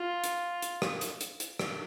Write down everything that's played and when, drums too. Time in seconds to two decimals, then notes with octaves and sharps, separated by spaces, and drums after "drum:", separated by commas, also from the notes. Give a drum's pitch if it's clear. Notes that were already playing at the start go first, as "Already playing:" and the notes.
Already playing: F4
0.24 drum: hi-hat
0.62 drum: hi-hat
0.82 drum: rim click
1.01 drum: hi-hat
1.21 drum: hi-hat
1.40 drum: hi-hat
1.59 drum: rim click